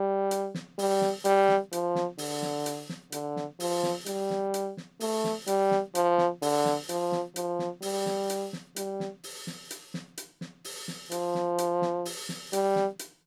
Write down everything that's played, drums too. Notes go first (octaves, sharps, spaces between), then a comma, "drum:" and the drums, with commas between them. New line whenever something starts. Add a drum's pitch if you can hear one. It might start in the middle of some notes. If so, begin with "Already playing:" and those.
Already playing: G3
drum: hi-hat
drum: snare
G3, drum: open hi-hat
drum: snare
G3, drum: hi-hat
drum: snare
F3, drum: hi-hat
drum: snare
D3, drum: open hi-hat
drum: snare
drum: hi-hat
drum: snare
D3, drum: hi-hat
drum: snare
F3, drum: open hi-hat
drum: snare
G3, drum: hi-hat
drum: snare
drum: hi-hat
drum: snare
A3, drum: open hi-hat
drum: snare
G3, drum: hi-hat
drum: snare
F3, drum: hi-hat
drum: snare
D3, drum: open hi-hat
drum: snare
F3, drum: hi-hat
drum: snare
F3, drum: hi-hat
drum: snare
G3, drum: open hi-hat
drum: snare
drum: hi-hat
drum: snare
G3, drum: hi-hat
drum: snare
drum: open hi-hat
drum: snare
drum: hi-hat
drum: snare
drum: hi-hat
drum: snare
drum: open hi-hat
drum: snare
F3, drum: hi-hat
drum: snare
drum: hi-hat
drum: snare
drum: open hi-hat
drum: snare
G3, drum: hi-hat
drum: snare
drum: hi-hat